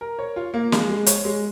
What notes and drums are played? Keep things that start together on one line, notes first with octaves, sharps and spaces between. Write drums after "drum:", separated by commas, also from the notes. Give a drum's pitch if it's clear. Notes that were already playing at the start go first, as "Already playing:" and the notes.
A#4
C#5
F4
A#3
G#3, drum: snare
G#3
C#5, drum: hi-hat
G#3